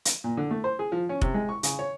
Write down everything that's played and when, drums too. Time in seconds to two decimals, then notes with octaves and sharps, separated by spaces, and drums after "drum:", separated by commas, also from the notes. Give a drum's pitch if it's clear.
0.05 drum: hi-hat
0.24 A#2
0.37 D3
0.51 A3
0.64 C5
0.79 G#4
0.92 F3
1.09 C#4
1.22 C3, drum: kick F1
1.34 G#3
1.49 C#6
1.63 C#3, drum: hi-hat
1.79 C#5